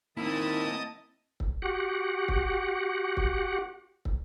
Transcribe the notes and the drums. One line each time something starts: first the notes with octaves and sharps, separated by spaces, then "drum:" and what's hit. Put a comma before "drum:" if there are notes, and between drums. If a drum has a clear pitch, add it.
D#3 A#3 C4 E4 D#5 A5 D#6
drum: kick
F#4 G4 F#5
drum: kick
drum: kick
drum: kick